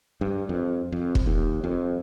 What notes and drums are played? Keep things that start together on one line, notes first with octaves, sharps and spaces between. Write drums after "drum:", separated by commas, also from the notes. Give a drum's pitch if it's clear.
G2
F2
F2
drum: kick
D#2
F2